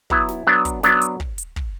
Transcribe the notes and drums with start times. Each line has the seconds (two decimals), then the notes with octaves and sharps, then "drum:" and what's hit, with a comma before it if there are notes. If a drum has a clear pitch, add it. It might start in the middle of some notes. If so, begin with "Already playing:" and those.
0.10 F#3 B3 E4, drum: kick
0.29 drum: snare
0.47 F#3 B3 D4
0.65 drum: kick, hi-hat
0.83 F#3 B3 D4, drum: snare
1.01 drum: hi-hat
1.20 drum: kick
1.38 drum: hi-hat
1.56 drum: kick